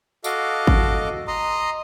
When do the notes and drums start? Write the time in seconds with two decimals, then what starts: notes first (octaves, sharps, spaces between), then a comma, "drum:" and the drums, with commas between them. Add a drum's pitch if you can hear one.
0.24 F#4 A4 D#5 F5 D6, drum: tambourine
0.67 drum: kick
1.27 D#5 A#5 C6 D#6